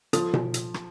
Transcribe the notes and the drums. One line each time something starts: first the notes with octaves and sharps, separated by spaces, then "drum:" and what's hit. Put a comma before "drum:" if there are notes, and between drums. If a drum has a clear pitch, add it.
F3 A4, drum: hi-hat
drum: tom B2
drum: hi-hat
drum: rim click